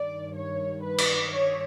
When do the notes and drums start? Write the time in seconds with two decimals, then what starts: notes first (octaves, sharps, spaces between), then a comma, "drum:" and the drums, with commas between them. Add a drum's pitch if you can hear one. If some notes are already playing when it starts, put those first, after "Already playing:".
Already playing: G2 D#3 D5
0.35 C#5
0.83 B4
0.98 drum: cymbal
1.30 C#5